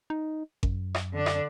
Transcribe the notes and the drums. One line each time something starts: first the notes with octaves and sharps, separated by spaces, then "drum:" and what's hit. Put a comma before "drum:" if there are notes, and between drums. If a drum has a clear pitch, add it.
D#4
F#2, drum: kick G#1
drum: rim click
D3 D4
drum: rim click